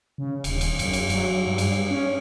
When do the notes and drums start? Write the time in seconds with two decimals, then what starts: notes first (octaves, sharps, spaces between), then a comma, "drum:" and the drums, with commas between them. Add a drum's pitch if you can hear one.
0.18 C#3
0.44 D#1, drum: cymbal
0.61 drum: cymbal
0.79 F#2, drum: cymbal
0.93 drum: cymbal
1.10 F#3, drum: cymbal
1.47 G2
1.58 drum: cymbal
1.91 C#4